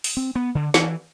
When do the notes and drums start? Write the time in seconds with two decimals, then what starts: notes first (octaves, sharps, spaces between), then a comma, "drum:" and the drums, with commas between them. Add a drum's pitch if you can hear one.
0.04 drum: open hi-hat
0.17 C4
0.35 B3
0.55 D3
0.74 E3, drum: snare